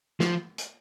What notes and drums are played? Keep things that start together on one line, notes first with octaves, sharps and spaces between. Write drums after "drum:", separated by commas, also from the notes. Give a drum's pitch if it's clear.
F3, drum: snare
drum: hi-hat